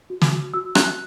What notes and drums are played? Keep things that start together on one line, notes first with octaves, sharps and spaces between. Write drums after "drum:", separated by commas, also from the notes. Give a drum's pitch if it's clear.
F#4
drum: snare
F#4
F#4 E6
F#4 F#6, drum: rim click